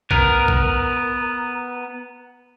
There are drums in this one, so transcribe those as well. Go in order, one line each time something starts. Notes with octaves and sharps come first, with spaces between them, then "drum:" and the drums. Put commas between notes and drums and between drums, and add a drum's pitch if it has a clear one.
B3 A#4, drum: kick A#1
drum: kick A#1